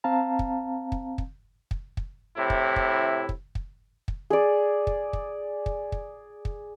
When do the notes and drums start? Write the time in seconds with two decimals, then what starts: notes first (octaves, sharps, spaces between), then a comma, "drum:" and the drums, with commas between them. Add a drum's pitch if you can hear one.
0.04 C4 F5 A5 A#5
0.39 drum: kick
0.92 drum: kick
1.18 drum: kick
1.71 drum: kick
1.97 drum: kick
2.37 A2 C3 E4
2.50 drum: kick
2.76 drum: kick
3.29 drum: kick
3.55 drum: kick
4.08 drum: kick
4.30 G#4 D5
4.87 drum: kick
5.13 drum: kick
5.66 drum: kick
5.92 drum: kick
6.45 drum: kick